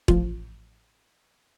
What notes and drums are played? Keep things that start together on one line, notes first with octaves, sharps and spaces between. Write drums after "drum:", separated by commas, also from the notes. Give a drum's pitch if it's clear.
A1 F3 F4, drum: kick E1